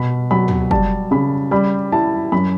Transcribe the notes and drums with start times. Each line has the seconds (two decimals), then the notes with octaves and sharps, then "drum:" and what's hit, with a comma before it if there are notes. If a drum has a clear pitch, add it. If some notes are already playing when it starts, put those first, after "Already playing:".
Already playing: B2 B5
0.31 F#3 B5
0.48 drum: tom
0.71 G3 A5, drum: kick F#1
1.11 C#3 B5
1.51 G3 B5
1.92 E4 A5
2.32 F#2 B5